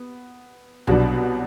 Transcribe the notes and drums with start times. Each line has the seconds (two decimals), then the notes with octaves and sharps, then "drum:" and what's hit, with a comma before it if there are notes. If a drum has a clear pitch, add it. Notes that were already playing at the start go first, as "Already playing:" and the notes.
Already playing: B3
0.87 C2 B2 F#3 B3 D4, drum: tom B1